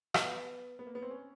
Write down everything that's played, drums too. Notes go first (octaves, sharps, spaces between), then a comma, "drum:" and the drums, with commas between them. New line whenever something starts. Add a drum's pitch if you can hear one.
B3, drum: rim click
B3
A#3
B3
C4
C#4